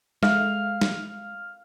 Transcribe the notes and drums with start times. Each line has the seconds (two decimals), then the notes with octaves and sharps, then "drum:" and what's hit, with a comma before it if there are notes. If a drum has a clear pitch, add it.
0.23 G#3 F5, drum: snare
0.81 drum: snare